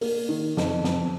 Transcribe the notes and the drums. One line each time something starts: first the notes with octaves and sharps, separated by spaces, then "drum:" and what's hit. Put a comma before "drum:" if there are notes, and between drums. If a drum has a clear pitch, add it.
A#3, drum: open hi-hat
D#3
F2, drum: snare
F2, drum: snare